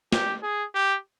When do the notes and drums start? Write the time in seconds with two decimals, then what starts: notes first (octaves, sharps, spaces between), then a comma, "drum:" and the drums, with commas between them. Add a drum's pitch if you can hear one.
0.12 G4, drum: snare
0.43 G#4
0.74 G4